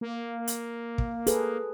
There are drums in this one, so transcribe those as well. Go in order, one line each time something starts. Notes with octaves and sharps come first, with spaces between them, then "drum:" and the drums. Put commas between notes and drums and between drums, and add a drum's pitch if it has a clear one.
A#3
drum: hi-hat
drum: kick
G#4 A4 B4, drum: hi-hat